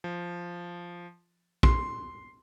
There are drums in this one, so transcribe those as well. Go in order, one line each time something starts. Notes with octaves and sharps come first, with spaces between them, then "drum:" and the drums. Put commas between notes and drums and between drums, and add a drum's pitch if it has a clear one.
F3
C6, drum: kick A#1